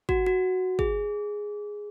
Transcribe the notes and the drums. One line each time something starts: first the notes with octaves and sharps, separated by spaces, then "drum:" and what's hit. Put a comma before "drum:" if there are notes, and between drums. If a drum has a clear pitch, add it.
F#4, drum: kick
F#4
G#4, drum: kick